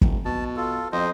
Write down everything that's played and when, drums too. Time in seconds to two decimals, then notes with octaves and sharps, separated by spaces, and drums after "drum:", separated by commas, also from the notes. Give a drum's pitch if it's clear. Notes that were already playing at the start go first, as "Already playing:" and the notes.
0.01 F1, drum: kick
0.25 B2 A5
0.56 F4 A4
0.92 F2 C5 D#5